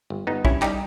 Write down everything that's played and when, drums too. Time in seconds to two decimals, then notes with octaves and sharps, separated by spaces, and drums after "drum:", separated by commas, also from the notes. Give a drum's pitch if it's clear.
0.10 G1
0.27 G1 B3 D#4
0.45 G2 C#4 E4, drum: kick A#1
0.62 G3 D#4 G4, drum: clap